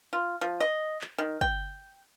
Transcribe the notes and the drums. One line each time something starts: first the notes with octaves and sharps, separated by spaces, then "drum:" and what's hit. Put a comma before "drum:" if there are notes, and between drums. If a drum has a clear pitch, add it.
F4
F3
D#5
drum: clap
D#3
G5, drum: kick